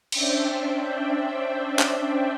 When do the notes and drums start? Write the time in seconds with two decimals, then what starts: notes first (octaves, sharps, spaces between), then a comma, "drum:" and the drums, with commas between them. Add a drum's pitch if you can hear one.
0.12 C#4 D4 C5 D5 E5 G5, drum: cymbal
1.79 drum: clap